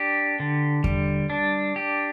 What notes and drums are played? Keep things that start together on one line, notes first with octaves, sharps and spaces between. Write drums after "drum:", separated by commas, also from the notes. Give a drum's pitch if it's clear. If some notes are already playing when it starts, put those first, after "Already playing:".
Already playing: D4 G4
D3
G3, drum: kick E2
D4
G4